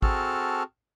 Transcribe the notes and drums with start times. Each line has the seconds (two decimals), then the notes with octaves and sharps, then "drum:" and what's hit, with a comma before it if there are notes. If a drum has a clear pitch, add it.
0.02 C4 F#4 G#4 A4 A5 F6, drum: kick G#1